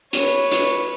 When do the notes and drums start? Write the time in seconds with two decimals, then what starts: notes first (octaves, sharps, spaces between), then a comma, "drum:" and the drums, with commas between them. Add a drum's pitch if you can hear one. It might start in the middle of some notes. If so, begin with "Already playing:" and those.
0.13 B4 C#5, drum: hi-hat
0.51 drum: hi-hat